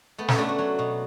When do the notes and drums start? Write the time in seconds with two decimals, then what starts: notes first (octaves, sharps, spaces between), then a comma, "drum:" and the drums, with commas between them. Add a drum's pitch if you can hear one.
0.18 A3 B3
0.28 C#4, drum: snare
0.38 A3 D4
0.49 F#4
0.59 F#3
0.79 B2